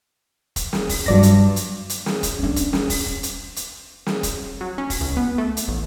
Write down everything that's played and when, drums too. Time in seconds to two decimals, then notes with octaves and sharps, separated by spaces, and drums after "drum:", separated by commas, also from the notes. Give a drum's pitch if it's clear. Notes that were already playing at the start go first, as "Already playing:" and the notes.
0.56 drum: kick, hi-hat
0.73 drum: snare
0.89 drum: kick, open hi-hat
1.06 G2 F#3 D5 A#6, drum: kick
1.23 drum: hi-hat
1.56 drum: hi-hat
1.89 drum: hi-hat
2.06 drum: snare
2.23 drum: kick, hi-hat
2.39 C#4 D4
2.56 drum: kick, hi-hat
2.73 drum: snare
2.90 drum: kick, open hi-hat
3.06 drum: kick
3.23 drum: hi-hat
3.56 drum: hi-hat
4.06 drum: snare
4.23 drum: kick, hi-hat
4.61 F#3
4.78 C#4
4.90 drum: kick, open hi-hat
5.01 C#2
5.17 B3
5.38 A3
5.57 drum: hi-hat
5.68 A1